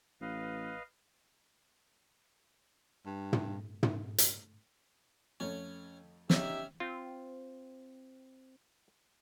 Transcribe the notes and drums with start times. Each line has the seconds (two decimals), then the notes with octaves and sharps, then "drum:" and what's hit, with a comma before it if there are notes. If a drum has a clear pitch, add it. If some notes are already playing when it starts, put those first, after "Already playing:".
0.21 A1 B4 D#5 F5
3.06 G2
3.33 drum: tom
3.83 drum: tom
4.18 drum: hi-hat
5.40 F2 A3 C#4 C#5
6.30 C#4 D#4 G4 E5, drum: snare
6.80 C4 F4